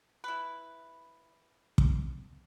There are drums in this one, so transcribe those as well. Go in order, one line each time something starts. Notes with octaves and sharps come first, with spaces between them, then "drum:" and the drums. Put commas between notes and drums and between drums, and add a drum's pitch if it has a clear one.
E4 B4
drum: kick